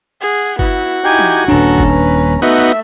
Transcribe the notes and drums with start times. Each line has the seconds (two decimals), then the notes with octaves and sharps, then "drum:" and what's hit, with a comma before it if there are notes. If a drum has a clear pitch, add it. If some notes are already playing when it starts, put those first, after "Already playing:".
0.21 G#4 F#5
0.59 B3 E4 F#4, drum: kick G1
1.04 D#4 E4 G4 G5 G#5
1.19 drum: tom E3
1.48 D#1 C#4 D4 A4 B4 A#5
1.78 drum: kick G1
1.89 B4
2.42 A3 B3 D#4 F#4 E5